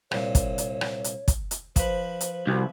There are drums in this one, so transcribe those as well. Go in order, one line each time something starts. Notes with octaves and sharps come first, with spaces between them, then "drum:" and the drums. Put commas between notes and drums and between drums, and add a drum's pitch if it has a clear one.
C2 A#2 C#5, drum: rim click
drum: kick, hi-hat
drum: hi-hat
drum: rim click
drum: hi-hat
drum: kick, hi-hat
drum: hi-hat
F3 B4 C5, drum: kick, hi-hat
drum: hi-hat
C2 F#4